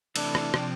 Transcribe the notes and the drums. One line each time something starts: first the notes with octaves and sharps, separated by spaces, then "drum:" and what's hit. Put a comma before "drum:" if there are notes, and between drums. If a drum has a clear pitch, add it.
C3 E3 A3 D4 E4, drum: cymbal
drum: rim click
C3 F3 C4, drum: rim click